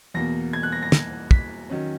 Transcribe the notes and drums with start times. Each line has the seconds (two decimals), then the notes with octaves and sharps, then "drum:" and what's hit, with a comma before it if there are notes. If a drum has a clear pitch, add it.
0.14 E2 B2 A#3 A#6
0.53 G#6
0.63 F#6
0.72 A#6
0.83 A#6
0.92 drum: snare
1.31 B6, drum: kick
1.70 D#3 F#3 C#4